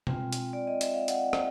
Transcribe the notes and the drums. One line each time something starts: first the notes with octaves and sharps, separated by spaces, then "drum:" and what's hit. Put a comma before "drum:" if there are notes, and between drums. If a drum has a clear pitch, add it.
G#3 C4 F4 G5, drum: tom B2
drum: hi-hat
D5
D#5
E5, drum: hi-hat
F5
F#5, drum: hi-hat
drum: rim click